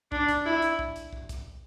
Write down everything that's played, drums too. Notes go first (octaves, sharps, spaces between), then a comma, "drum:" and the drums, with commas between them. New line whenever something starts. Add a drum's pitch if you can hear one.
D4, drum: kick
drum: kick, hi-hat
E4
drum: hi-hat
drum: kick
drum: hi-hat
drum: kick
drum: kick, hi-hat